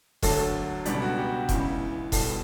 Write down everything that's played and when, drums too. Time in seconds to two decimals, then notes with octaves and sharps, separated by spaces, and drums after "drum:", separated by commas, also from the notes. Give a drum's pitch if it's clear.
0.22 D2 D3 F#3 A4, drum: kick E1, open hi-hat
0.85 C#2 B2 G3 D4, drum: hi-hat
1.02 F#4
1.18 G4
1.49 C#2 C#3 E3, drum: kick E1, hi-hat
2.12 B1 B2 G3 A4, drum: kick E1, open hi-hat